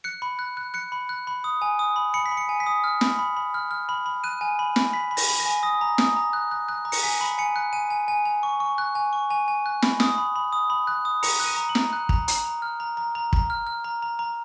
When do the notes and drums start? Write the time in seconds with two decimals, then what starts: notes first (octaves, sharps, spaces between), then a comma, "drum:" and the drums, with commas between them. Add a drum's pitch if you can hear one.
0.04 F#6 C#7
0.22 B5
0.39 F#6
0.57 F#6
0.74 F#6 C#7
0.92 B5
1.09 F#6
1.27 B5
1.44 D#6
1.62 G#5
1.79 D#6
1.96 B5
2.14 B5 C#7
2.26 B6
2.31 B5
2.37 C#7
2.49 G#5
2.60 B6
2.66 D#6
2.84 F6
3.01 B5, drum: snare
3.19 B5
3.37 B5
3.54 F6
3.71 F6
3.89 B5
4.06 B5
4.24 F#6 D#7
4.41 G#5
4.59 B5
4.76 B5, drum: snare
4.93 B5 B6
5.11 B5
5.17 A#6, drum: open hi-hat
5.28 B5
5.40 A#6
5.46 G#5
5.63 D#6 A#6
5.81 A#5
5.98 D#6, drum: snare
6.16 A#5
6.33 F#6
6.51 F#6
6.69 F#6
6.85 A#5
6.92 C#7, drum: open hi-hat
7.03 G#5 B6
7.21 B5
7.38 G#5 C#7
7.56 F#6
7.73 G#5 D#7
7.90 G#5
8.08 G#5
8.25 G#5
8.43 C#6
8.60 C#6
8.78 F#6
8.95 G#5
9.13 C#6
9.30 G#5
9.48 G#5
9.66 F#6
9.82 B5, drum: snare
10.00 D#6, drum: snare
10.18 B5
10.36 B5
10.52 D#6
10.70 B5
10.87 F#6
11.05 D#6
11.23 A#5 C#7, drum: open hi-hat
11.40 F#6
11.46 D#7
11.57 A#5
11.69 F#7
11.75 A#5, drum: snare
11.93 F#6
12.09 A#5, drum: kick
12.28 A#5, drum: hi-hat
12.45 A#5
12.62 F6
12.80 A#5
12.97 A#5
13.15 A#5
13.33 A#5, drum: kick
13.50 F6
13.67 F6
13.84 A#5
14.02 A#5
14.19 A#5